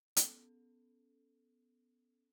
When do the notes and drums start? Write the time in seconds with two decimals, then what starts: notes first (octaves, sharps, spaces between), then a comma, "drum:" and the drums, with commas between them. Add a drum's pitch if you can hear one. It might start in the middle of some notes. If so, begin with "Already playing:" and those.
0.16 B3 C#4 A4, drum: hi-hat